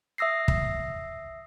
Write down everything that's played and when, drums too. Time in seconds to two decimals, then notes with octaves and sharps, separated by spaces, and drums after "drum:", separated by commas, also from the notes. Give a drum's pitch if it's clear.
0.18 E5 D#6 E6 A#6 C7
0.48 drum: kick